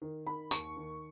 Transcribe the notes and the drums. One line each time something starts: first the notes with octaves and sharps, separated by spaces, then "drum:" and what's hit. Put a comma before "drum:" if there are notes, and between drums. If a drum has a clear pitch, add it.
D#3
D#3 B5
D#2 C#6, drum: tambourine
D#3